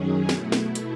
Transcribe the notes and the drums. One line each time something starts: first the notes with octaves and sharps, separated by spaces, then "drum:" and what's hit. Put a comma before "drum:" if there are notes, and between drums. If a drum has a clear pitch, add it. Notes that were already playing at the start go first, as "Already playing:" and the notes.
Already playing: F#2 D#3 F#3 C#4 G#4
B2 A3 E4, drum: snare
drum: snare
drum: hi-hat